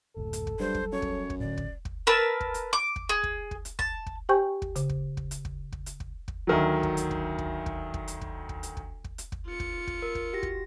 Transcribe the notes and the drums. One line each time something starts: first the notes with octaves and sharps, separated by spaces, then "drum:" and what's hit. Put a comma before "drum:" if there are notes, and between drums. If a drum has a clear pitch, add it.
F#1 D2 A2 A4
drum: hi-hat
drum: kick
G2 F#3 G3 C5
drum: kick
F#2 C#5
drum: kick
drum: kick
A2 D3 D5
drum: kick
drum: kick
A#4 B4 A5 E6
drum: kick
drum: hi-hat
D6
drum: kick
G#4
drum: kick
drum: kick
drum: hi-hat
A5, drum: kick
drum: kick
G4 C5 G5 G#5 C#6 G6
drum: kick
C#3, drum: hi-hat
drum: kick
drum: kick
drum: hi-hat
drum: kick
drum: kick
drum: hi-hat
drum: kick
drum: kick
D2 D#3 F#3
drum: kick
drum: hi-hat
drum: kick
drum: kick
drum: kick
drum: kick
drum: hi-hat
drum: kick
drum: kick
drum: hi-hat
drum: kick
drum: kick
drum: hi-hat
drum: kick
F4 C#7
drum: kick
drum: kick
A#4
drum: kick
F#4 G4 A#6
drum: kick